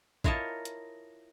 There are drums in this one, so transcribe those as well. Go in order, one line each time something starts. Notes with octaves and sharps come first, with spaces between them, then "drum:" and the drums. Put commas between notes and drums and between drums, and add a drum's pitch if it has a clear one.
E4 F4 A#4 C#5 D#5 A5, drum: kick A#1
drum: hi-hat